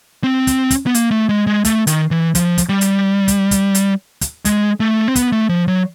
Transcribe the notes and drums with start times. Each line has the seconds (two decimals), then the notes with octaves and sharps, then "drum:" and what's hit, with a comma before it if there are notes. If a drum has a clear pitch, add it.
0.24 C4
0.47 drum: kick, hi-hat
0.71 drum: kick, hi-hat
0.87 B3
0.95 A#3, drum: hi-hat
1.11 A3
1.29 G#3
1.47 G#3
1.65 A3, drum: kick, hi-hat
1.87 D#3, drum: hi-hat
2.11 E3
2.35 F3, drum: kick, hi-hat
2.58 drum: kick, hi-hat
2.69 G3
2.81 drum: hi-hat
3.28 drum: kick, hi-hat
3.51 drum: kick, hi-hat
3.75 drum: hi-hat
4.21 drum: kick, hi-hat
4.45 G#3, drum: kick, hi-hat
4.80 A3
5.08 C4
5.16 B3, drum: kick, hi-hat
5.32 A3
5.49 F3
5.68 F#3